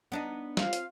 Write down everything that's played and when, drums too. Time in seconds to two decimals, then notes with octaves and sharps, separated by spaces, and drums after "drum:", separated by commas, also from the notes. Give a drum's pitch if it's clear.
0.12 B3 D4 D#4
0.57 C4 F4 F5, drum: snare
0.73 drum: hi-hat